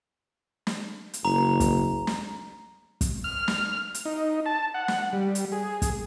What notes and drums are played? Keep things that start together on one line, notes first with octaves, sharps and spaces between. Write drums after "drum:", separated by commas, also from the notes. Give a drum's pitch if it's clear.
drum: snare
drum: hi-hat
F#1 A#5
drum: kick, hi-hat
drum: snare
drum: kick, hi-hat
F6
drum: snare
drum: hi-hat
D#4
A5
F#5
drum: snare
G3
drum: hi-hat
G#4
drum: kick, hi-hat